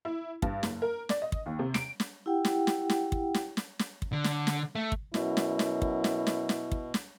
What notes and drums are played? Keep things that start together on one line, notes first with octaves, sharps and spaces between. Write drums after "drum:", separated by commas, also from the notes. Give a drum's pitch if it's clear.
E4
G2, drum: kick
F#1, drum: snare
A#4
D5, drum: snare
D#5
drum: kick
D#2
C3
D7, drum: snare
drum: snare
E4 G4 F#5 G5
drum: snare
drum: snare
drum: snare
drum: kick
drum: snare
drum: snare
drum: snare
drum: kick
D3
drum: snare
drum: snare
A3
drum: kick
F#2 B2 E4, drum: snare
drum: snare
drum: snare
drum: kick
drum: snare
drum: snare
drum: snare
drum: kick
drum: snare